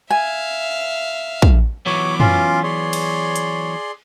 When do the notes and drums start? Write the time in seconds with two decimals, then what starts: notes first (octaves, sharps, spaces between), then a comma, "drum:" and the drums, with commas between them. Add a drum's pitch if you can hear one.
0.10 E5 F5 G#5
1.42 drum: kick
1.86 E3 F#3 B3 C#5 D6
2.20 C#4 F4 C6, drum: tom
2.63 G#4 C#5 D5 C6
2.93 drum: cymbal
3.36 drum: hi-hat